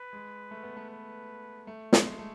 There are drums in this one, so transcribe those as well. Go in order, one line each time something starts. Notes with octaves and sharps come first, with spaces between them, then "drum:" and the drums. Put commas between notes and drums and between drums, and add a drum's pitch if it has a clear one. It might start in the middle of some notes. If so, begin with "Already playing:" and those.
Already playing: B4
G#3
A3
B3
A3
B4
A3
G#3, drum: snare
A3